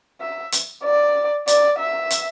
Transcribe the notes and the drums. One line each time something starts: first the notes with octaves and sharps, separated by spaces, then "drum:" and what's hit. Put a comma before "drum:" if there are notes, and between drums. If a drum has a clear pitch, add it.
E5
drum: hi-hat
D5
D5, drum: hi-hat
E5
drum: hi-hat